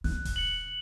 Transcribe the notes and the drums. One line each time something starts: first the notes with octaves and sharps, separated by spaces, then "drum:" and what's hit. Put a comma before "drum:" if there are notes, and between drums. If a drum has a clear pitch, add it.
C#3 F#6, drum: snare
drum: kick D#1, open hi-hat
C#7 F#7